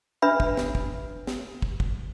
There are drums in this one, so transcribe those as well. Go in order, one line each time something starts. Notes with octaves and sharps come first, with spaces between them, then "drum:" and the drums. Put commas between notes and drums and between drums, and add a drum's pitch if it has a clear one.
D4 B4 E5 B5
drum: kick
drum: snare
drum: kick
drum: snare
drum: kick
drum: kick